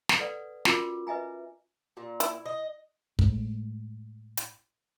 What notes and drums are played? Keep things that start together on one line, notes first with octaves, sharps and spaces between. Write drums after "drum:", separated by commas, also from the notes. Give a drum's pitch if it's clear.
drum: snare
A4 B4 D5 F#5
C#4 F4 F#4 A#4 D6, drum: snare
B4 D#5 E5 G#5 A#5
A#2
E4, drum: hi-hat
D#5
A2 G#3 A3, drum: kick
drum: hi-hat